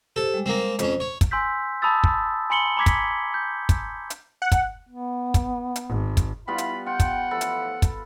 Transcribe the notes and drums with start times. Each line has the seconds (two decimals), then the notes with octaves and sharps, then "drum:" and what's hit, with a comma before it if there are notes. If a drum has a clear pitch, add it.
0.16 G4 A4 C5
0.34 G3 G#3
0.46 A#3 C4
0.65 G#3
0.79 F2 C#4 C5, drum: hi-hat
1.00 C#5
1.21 drum: kick, hi-hat
1.31 G#5 C6 E6 G6 B6
1.82 A5 B5 D#6 E6 A6
2.04 drum: kick
2.50 G#5 B5 C6 C#7 F#7 G7
2.77 A#5 B5 D6 G#6 B6
2.86 drum: kick, hi-hat
3.34 G6
3.69 drum: kick, hi-hat
4.10 drum: hi-hat
4.42 F#5
4.52 drum: kick, hi-hat
4.89 B3
5.34 drum: kick, hi-hat
5.76 drum: hi-hat
5.87 G#1
6.17 drum: kick, hi-hat
6.47 G3 B3 E4 F4 F5 B5
6.58 drum: hi-hat
6.86 F4 F#5 G5
7.00 drum: kick, hi-hat
7.31 A2 E3 F3 A4 B5
7.41 drum: hi-hat
7.82 drum: kick, hi-hat